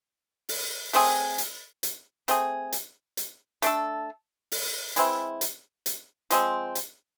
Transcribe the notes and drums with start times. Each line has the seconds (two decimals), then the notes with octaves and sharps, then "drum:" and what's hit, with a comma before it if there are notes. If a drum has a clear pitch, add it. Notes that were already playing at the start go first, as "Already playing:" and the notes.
0.49 drum: open hi-hat
0.93 A3 C4 G#4, drum: open hi-hat
1.38 drum: hi-hat
1.83 drum: hi-hat
2.28 A3 C4 G#4, drum: hi-hat
2.72 drum: hi-hat
3.17 drum: hi-hat
3.62 A3 D4 A4, drum: hi-hat
4.52 drum: open hi-hat
4.96 E3 G#3 C4 E4, drum: hi-hat
5.41 drum: hi-hat
5.86 drum: hi-hat
6.30 F3 G#3 C4, drum: hi-hat
6.75 drum: hi-hat